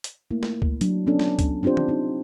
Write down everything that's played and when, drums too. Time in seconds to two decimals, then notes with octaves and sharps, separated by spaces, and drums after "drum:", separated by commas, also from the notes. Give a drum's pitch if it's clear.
0.04 drum: hi-hat
0.31 A3 A#3 E4
0.43 drum: snare
0.62 drum: kick C#2
0.81 F#3 D4, drum: hi-hat
1.06 B3 C#4 D4 A4
1.19 drum: snare
1.39 drum: kick C#2, hi-hat
1.63 C4 D4 F4 G4 C5
1.77 drum: tom D#3
1.88 C4 D#4